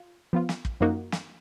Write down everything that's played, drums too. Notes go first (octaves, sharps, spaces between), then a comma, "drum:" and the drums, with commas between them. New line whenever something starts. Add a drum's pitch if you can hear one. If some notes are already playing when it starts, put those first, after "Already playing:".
Already playing: F4
F3 B3 F4
drum: snare
drum: kick
F#2 F3 A#3 D#4 F#4
drum: snare